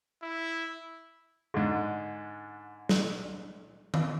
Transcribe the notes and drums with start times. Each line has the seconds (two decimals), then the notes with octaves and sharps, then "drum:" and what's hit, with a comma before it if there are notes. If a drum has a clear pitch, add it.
0.22 E4
1.54 G#2 D3
2.89 drum: snare
3.94 drum: tom D#3